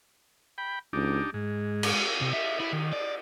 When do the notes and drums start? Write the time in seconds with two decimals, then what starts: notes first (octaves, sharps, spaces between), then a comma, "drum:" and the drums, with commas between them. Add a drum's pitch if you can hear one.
0.58 G5 B5
0.93 C#2 D4 D#4 G4
1.34 G#2 G#3
1.83 drum: cymbal
2.21 C3
2.33 E5
2.60 E4
2.73 D#3
2.93 D5